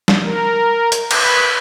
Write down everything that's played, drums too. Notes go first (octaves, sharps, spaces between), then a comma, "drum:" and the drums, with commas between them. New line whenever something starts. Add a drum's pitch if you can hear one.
drum: snare
A#4
drum: hi-hat
B4, drum: cymbal